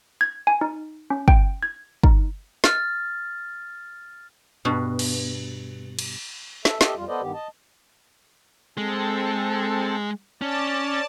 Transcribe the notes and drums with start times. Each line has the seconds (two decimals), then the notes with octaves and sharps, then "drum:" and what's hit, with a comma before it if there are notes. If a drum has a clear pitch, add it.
0.21 G#6
0.47 G#5
0.61 D#4
1.10 C#4
1.28 G5, drum: kick
1.63 G#6
2.03 D#4, drum: kick
2.64 F6 A6, drum: snare
4.65 G2 B2
4.99 drum: cymbal
5.99 drum: cymbal
6.65 A4 E5, drum: snare
6.81 G4 A4 D#5 E5, drum: snare
6.96 F2 G3 F4
7.08 B3 A4 B4 C5 D5 D#5
7.21 G2 D#3 B3 G4
7.34 D#5 A5
8.78 G#3 C4 A4
10.42 C#4 D5 A5